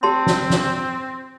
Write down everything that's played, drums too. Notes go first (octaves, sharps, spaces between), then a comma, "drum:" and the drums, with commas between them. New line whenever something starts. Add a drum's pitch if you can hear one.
C4 G4 A5 C6
drum: snare
drum: snare